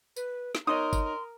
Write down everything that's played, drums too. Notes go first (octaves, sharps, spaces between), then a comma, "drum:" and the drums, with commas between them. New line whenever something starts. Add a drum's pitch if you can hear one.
B4, drum: tambourine
drum: snare
D#4 A#4 C#5 D#5 C6 D#6
drum: kick, tambourine